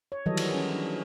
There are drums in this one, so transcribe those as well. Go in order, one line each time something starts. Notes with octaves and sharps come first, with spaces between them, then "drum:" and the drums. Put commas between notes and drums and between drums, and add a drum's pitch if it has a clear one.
C#5
D#3 E3 F#3 G3 A4 D#5
drum: cymbal
C#4 G#4
D4